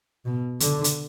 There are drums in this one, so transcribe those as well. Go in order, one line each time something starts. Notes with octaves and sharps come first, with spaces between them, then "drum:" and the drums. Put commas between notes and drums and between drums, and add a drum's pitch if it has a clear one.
B2
D3, drum: hi-hat
drum: hi-hat